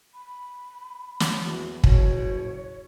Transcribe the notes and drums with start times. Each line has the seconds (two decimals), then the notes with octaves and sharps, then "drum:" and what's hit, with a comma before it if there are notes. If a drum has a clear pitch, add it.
0.14 B5
1.20 drum: snare
1.44 E2 E4 F#4
1.84 F#1 F#2 B2 C#5, drum: kick